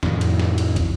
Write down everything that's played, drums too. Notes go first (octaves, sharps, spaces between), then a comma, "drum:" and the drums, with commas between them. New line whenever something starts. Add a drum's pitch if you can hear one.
F2 A2 D#3, drum: snare
drum: cymbal
drum: snare
drum: cymbal
drum: kick, cymbal